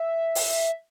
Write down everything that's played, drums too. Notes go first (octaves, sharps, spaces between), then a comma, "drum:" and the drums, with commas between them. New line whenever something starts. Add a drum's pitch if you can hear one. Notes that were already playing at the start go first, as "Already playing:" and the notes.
Already playing: E5
drum: open hi-hat